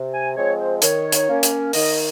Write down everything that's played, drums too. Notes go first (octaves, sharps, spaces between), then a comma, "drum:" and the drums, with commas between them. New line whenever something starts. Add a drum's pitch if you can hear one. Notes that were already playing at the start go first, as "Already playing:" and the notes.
Already playing: C3
G#5
F3 G#3 C4 C#5
C5
D#3 C#5, drum: hi-hat
drum: hi-hat
A#3 C#4
drum: hi-hat
D#3 D#5, drum: open hi-hat